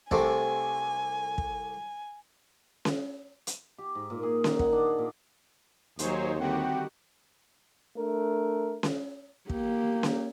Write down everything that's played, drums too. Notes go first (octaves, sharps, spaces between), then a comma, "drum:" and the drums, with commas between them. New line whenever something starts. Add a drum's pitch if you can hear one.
C2 C3 A3 G#5, drum: kick
drum: kick
drum: snare C#4
drum: hi-hat
G4
G#2
A#2
G#4
D#3, drum: snare C#4
F#5, drum: kick
D4
G#4
A#2
D#2 F#3 D#4 G#4 C5 C#5, drum: hi-hat
D3 D#3 G3 C4 F#4 G4 F#5
A3 D4 A#4
drum: snare C#4
A#3 G4, drum: kick
drum: snare C#4